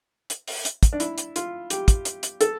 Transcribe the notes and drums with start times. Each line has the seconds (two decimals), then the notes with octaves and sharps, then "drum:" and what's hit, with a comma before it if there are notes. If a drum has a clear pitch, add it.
0.30 drum: hi-hat
0.47 drum: open hi-hat
0.65 drum: hi-hat
0.83 drum: kick, hi-hat
0.93 D4
1.00 E4, drum: hi-hat
1.18 drum: hi-hat
1.36 F4, drum: hi-hat
1.70 G4, drum: hi-hat
1.88 drum: kick, hi-hat
2.05 drum: hi-hat
2.23 drum: hi-hat
2.41 A4, drum: hi-hat